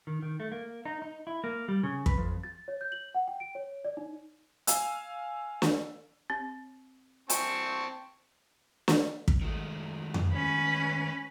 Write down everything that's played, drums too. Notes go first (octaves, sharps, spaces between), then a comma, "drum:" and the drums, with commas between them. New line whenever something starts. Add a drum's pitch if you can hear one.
D#3
D#3
A3
A#3
D#4
D#4
E4
A#3
G3
C#3
B4, drum: kick
F2
A6
C#5
G6
F#7
F#5
G5
D7
C#5
D5
D#4
F5 G#5 E6, drum: hi-hat
drum: snare
C4
C4 G#5 A5 C#6, drum: hi-hat
drum: snare
drum: kick
D#3 G#3 A3
drum: tom F2
C#4 B4